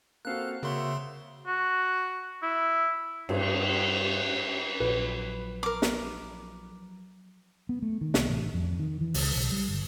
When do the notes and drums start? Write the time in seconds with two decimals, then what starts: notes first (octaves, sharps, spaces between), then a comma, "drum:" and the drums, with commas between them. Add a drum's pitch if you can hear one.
0.25 A#3 C4 F4 F#4 A4 F5 F#6
0.63 C#3 A#3 F#4 C5 C#5 E5 C6
1.47 F#4
2.43 E4
3.29 G2, drum: cymbal
4.80 A#1 F3 F#3 B4
5.63 A#4 D6
5.82 drum: snare
7.69 B3
7.82 A3
8.01 D#3
8.14 C2, drum: snare
8.30 A1
8.54 F2
8.79 D#3
9.01 E3
9.14 C#2, drum: open hi-hat
9.36 B1
9.52 G3
9.69 G1